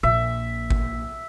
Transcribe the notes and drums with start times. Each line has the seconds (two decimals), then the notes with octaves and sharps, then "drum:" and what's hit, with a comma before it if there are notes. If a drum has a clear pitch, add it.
0.03 A#1 A#2 E5
0.70 drum: kick G#1